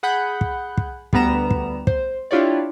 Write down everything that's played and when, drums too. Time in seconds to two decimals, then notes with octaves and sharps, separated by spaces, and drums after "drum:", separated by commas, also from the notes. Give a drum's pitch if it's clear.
0.03 G#4 F#5 B5 F#6 G6
0.41 drum: kick
0.77 drum: kick
1.13 D2 G3 B3 A#5 E7, drum: kick
1.51 drum: kick
1.87 C5, drum: kick
2.31 D4 E4 F4 G4 C#5 D5